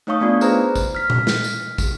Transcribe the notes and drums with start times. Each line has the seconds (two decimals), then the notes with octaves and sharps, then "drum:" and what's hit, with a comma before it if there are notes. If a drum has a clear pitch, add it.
0.07 A3 D#4 C#5 F5 C#6 D#6
0.21 A3 B3 D4 F4 D5
0.41 G#4 B4 C5 A#5, drum: tambourine
0.75 drum: kick, tambourine
0.95 F6 B6
1.10 drum: tom A#2
1.27 drum: snare
1.44 drum: tambourine
1.78 drum: kick, tambourine